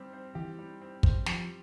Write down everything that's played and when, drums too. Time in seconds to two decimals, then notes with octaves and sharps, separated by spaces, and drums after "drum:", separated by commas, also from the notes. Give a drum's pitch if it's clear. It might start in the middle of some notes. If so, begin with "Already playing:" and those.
Already playing: G3 C4 G4
0.13 C5
0.35 E3 G4
0.59 G3
0.81 C4
1.03 C5, drum: kick
1.26 F3 G4, drum: snare